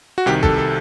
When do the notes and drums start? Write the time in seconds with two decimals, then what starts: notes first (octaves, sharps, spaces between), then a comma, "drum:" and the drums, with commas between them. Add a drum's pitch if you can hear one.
0.18 F#4
0.26 C2 C3 D#3 G4
0.43 A4, drum: kick
0.58 A4